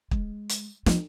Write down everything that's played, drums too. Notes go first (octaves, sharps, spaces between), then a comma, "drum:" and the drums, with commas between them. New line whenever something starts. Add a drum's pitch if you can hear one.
G#3, drum: kick
drum: hi-hat
F3, drum: snare